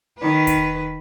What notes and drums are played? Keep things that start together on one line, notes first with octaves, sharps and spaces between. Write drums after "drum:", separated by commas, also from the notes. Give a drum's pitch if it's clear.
D#3 B4
drum: kick E1, hi-hat